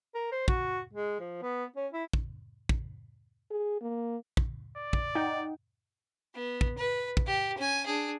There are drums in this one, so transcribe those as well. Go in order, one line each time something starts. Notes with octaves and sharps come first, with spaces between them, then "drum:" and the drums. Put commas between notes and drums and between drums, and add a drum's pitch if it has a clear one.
A#4
C5
F#4, drum: kick
G#3
F3
B3
C#4
E4
drum: kick
drum: kick
G#4
A#3
drum: kick
D5
drum: kick
D#4 F#5 G5
B3
drum: kick
B4
drum: kick
G4
C#4 G#5
D4 G#4